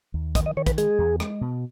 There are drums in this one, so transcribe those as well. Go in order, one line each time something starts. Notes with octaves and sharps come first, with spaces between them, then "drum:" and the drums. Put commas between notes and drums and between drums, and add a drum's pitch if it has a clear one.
D#2
D#3 D#5, drum: kick, hi-hat
D#5
D#3 C#5
B4, drum: kick, hi-hat
G#3 G#4, drum: hi-hat
E2
G#3, drum: rim click
B2